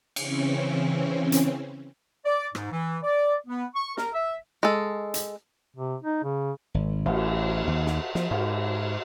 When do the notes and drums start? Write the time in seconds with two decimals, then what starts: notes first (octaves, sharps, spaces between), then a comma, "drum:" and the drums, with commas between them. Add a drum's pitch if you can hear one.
0.16 C#3 E3 C4 C#4, drum: cymbal
1.32 drum: hi-hat
2.25 D5
2.55 G#2, drum: rim click
2.72 E3
3.03 D5
3.47 B3
3.75 C#6
3.97 A#4, drum: snare
4.14 E5
4.63 G#3 A4
5.14 drum: hi-hat
5.76 C3
6.03 D#4
6.23 C#3
6.74 G#1
7.06 A1, drum: cymbal
7.68 D#2
7.86 drum: snare
8.15 F3, drum: snare
8.31 G#2, drum: cymbal